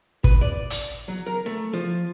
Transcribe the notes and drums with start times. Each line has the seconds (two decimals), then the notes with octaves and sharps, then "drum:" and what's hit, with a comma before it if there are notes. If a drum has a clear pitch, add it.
0.24 B4, drum: kick
0.41 D5
0.70 drum: hi-hat
1.08 F#3
1.26 A#4
1.46 A3
1.73 F3